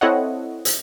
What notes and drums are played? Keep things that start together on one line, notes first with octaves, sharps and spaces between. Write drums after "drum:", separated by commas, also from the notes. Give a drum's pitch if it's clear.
C4 E4 A4 C#5 D#5 F#5
drum: hi-hat